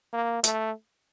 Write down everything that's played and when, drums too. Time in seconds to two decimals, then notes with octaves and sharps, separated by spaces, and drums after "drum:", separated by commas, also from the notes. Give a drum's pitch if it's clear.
0.13 A#3
0.44 A3, drum: hi-hat